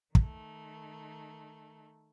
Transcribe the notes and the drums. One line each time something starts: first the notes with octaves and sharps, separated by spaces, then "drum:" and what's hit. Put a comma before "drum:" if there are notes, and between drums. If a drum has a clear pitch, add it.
D#3 A3, drum: kick